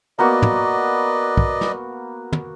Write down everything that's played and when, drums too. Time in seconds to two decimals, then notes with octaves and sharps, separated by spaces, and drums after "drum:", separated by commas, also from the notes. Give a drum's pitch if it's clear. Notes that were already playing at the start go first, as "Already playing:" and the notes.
0.19 A#3 B3 F#4 B4 D5 D#5
0.42 drum: tom
1.37 drum: kick
1.61 drum: snare
2.32 drum: tom